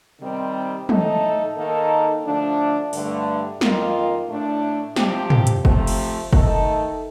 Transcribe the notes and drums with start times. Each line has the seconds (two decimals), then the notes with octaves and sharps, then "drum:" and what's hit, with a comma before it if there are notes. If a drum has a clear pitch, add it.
0.21 C3 D#3 G3 C4
0.89 A2 A3 D#4 A4, drum: tom
1.57 D#3 A#3 D#4 A4
2.25 D3 F3 A3 D4
2.93 G2 D3 A3, drum: open hi-hat
3.61 F2 D#3 A#3 F4, drum: snare
4.29 A2 A3 D4
4.96 C3 F3 C4 G4, drum: snare
5.30 drum: tom
5.47 drum: hi-hat
5.65 C3 F3 A3, drum: kick F#1
5.87 drum: cymbal
6.33 D#3 A3 D#4 A4, drum: kick F#1